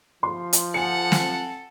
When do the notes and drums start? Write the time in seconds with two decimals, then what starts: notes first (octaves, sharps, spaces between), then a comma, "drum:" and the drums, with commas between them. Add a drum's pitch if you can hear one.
0.23 F3 C6
0.53 drum: hi-hat
0.74 A4 F#5 G#5 C#7
1.12 drum: snare